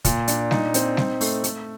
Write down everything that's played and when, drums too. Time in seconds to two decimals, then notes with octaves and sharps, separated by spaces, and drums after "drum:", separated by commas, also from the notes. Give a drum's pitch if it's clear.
0.05 A#2, drum: kick, hi-hat
0.28 D4, drum: hi-hat
0.51 D#4, drum: snare G3
0.74 C4, drum: hi-hat
0.97 D#4, drum: snare G3
1.21 A3, drum: open hi-hat
1.44 A3, drum: hi-hat